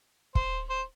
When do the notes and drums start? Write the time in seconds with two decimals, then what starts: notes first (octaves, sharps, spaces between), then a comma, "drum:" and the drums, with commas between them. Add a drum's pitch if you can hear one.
0.35 C5, drum: kick
0.70 C5